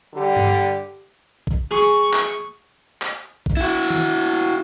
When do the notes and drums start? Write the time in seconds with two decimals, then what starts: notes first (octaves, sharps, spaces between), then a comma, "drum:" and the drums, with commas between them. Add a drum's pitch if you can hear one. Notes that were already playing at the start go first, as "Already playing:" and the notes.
0.14 D3 G3 G4
0.37 drum: tom G2
1.47 drum: kick
1.71 G#4 C#6
2.13 drum: clap
3.02 drum: clap
3.46 drum: kick
3.57 E4 F#4
3.90 drum: tom D#3